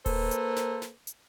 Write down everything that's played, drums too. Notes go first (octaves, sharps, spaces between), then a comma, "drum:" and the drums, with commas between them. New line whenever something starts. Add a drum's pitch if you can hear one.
A#3 A4 B4 C5, drum: kick D#1, open hi-hat
drum: hi-hat
drum: snare
drum: snare
drum: hi-hat